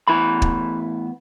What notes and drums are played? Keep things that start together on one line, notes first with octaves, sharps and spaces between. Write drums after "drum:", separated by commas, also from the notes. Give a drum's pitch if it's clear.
A2 E3 B3 E4 B5
drum: kick